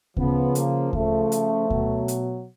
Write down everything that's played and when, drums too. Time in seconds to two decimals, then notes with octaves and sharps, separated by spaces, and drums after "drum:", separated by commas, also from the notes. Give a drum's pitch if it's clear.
0.17 C#3 F3 B3, drum: kick D2
0.55 A#3, drum: hi-hat
0.93 C#3 F3 A3, drum: kick D2
1.32 drum: hi-hat
1.70 B2 F#3, drum: kick D2
2.08 drum: hi-hat